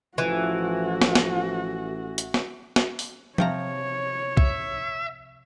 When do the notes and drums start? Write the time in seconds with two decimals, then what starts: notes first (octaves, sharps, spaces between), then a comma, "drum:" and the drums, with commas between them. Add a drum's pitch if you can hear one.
0.18 A1 E3 F3 F#4
1.02 drum: snare
1.15 drum: snare
2.18 drum: hi-hat
2.34 drum: snare
2.76 drum: snare
2.99 drum: open hi-hat
3.38 C3 F3 C#5 A#5, drum: tom F3
4.37 E5, drum: kick B1